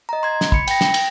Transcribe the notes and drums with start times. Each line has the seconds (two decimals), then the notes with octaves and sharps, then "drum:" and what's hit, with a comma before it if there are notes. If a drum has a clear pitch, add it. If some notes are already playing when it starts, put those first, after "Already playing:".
0.09 D#5 A#5
0.23 C6 G#6
0.41 drum: snare
0.52 B5 C#7, drum: kick
0.67 G5 A#6, drum: cymbal
0.81 drum: snare
0.94 drum: cymbal